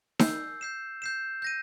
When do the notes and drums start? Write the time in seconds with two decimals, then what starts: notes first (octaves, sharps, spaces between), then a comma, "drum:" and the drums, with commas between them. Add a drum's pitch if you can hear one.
0.19 E6 G6 C7, drum: snare D#4
0.61 G6 C7 E7
1.02 G6 C7 E7
1.42 G6 A#6 D#7